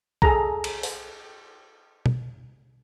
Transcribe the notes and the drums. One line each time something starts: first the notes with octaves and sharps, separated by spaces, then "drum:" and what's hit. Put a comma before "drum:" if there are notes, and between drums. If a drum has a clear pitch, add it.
G#4 A4 A#5, drum: kick B1
drum: cymbal
drum: open hi-hat
drum: tom B2